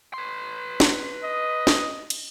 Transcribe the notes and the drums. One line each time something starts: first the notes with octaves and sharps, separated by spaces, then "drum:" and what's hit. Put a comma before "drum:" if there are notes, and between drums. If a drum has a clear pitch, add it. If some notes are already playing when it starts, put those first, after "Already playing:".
B4 C6
drum: snare
D#5
drum: snare
drum: cymbal